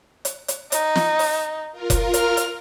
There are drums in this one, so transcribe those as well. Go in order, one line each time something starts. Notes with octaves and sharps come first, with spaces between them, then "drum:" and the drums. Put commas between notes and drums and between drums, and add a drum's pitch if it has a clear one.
drum: hi-hat
drum: hi-hat
D#4, drum: hi-hat
drum: snare
drum: open hi-hat
F4 A#4
drum: kick F1, hi-hat
F6, drum: hi-hat
drum: hi-hat